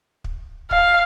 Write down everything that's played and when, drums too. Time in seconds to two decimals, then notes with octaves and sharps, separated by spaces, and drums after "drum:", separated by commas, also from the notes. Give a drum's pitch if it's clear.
0.24 drum: kick
0.71 F5, drum: kick